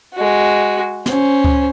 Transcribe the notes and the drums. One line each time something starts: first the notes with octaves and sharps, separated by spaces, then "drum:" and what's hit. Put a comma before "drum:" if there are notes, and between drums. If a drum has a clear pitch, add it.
G#3 F#4
C#4 C5, drum: snare
drum: kick C#2